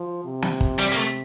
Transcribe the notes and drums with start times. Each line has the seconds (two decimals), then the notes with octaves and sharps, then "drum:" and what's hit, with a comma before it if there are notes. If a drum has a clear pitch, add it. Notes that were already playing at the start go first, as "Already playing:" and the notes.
Already playing: F3
0.25 C3
0.42 drum: snare
0.61 drum: kick
0.79 G3, drum: hi-hat
0.92 A#3
0.96 A3